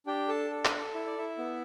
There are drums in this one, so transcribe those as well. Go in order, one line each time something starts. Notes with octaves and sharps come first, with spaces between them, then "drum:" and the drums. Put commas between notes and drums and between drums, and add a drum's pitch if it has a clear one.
D4 G4 G5
A4 A5
A4
drum: clap
E4 E5
D5
E4 E5
B3